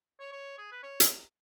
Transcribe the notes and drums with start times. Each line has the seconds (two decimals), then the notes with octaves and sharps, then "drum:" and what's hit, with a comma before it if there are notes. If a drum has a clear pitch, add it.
0.20 C#5
0.32 C#5
0.58 G#4
0.72 B4
0.83 C#5
1.00 drum: hi-hat